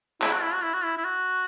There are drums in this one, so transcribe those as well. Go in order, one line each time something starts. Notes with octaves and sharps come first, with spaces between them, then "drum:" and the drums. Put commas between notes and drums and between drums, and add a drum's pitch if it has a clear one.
E4, drum: clap
F#4
E4
F#4
E4
F#4
E4
E4
F#4